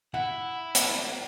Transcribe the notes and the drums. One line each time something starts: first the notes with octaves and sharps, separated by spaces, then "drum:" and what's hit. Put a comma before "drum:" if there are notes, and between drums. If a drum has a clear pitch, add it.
E4 F#5
drum: hi-hat